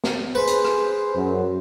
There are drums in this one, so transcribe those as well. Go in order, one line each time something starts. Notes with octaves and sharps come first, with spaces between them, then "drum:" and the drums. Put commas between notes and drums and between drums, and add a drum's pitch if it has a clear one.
drum: snare
G#4 B4 C5
drum: hi-hat
drum: rim click
F#2